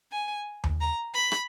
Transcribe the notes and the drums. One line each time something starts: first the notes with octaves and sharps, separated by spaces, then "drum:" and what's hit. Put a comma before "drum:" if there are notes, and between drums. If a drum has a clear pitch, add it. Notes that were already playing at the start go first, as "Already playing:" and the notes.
G#5
drum: tom D#2
A#5
B5
drum: rim click